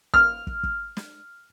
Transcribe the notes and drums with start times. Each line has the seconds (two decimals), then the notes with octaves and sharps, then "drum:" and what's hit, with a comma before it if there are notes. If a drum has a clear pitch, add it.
0.14 F6, drum: kick
0.47 drum: kick
0.63 drum: kick
0.97 drum: snare